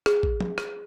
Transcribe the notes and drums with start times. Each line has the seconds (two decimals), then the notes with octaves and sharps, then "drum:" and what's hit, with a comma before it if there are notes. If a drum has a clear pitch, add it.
0.06 G#4, drum: rim click
0.23 drum: kick
0.41 drum: tom
0.58 drum: rim click